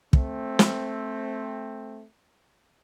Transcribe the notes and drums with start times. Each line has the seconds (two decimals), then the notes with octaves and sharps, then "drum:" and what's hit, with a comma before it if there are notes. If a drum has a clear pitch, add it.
0.13 A3 C4, drum: kick
0.59 drum: snare